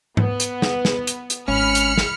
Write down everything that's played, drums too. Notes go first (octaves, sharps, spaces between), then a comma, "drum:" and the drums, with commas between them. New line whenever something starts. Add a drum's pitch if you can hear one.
B3, drum: tom G#2
drum: hi-hat
drum: snare
drum: snare
drum: hi-hat
drum: hi-hat
G#1 C#4 B5 F6 C#7
drum: hi-hat
drum: snare